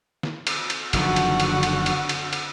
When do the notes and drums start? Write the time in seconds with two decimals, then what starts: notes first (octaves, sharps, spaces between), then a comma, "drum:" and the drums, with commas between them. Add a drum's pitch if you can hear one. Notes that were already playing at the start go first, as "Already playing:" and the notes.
0.23 drum: snare
0.47 drum: cymbal
0.70 drum: cymbal
0.93 F#1 D3 D#3 F3 F#4 F#5, drum: cymbal
1.16 drum: cymbal
1.40 drum: cymbal
1.63 drum: cymbal
1.86 drum: cymbal
2.09 drum: cymbal
2.33 drum: cymbal